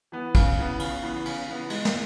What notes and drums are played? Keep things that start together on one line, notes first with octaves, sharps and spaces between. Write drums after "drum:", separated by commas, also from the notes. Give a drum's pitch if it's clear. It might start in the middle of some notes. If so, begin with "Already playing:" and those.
E3 B3
C#3, drum: kick, cymbal
E3 B3
C#3, drum: cymbal
E3 B3
C#3, drum: cymbal
E3 B3
G#3, drum: cymbal
drum: snare